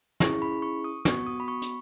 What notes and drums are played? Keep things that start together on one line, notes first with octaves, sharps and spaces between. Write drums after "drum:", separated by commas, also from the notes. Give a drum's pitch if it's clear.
C#4 E4 G#4 C#6, drum: snare
B5
C#6
D#6
B3 F#4 C#6, drum: snare
D#6
B5
C#6
drum: hi-hat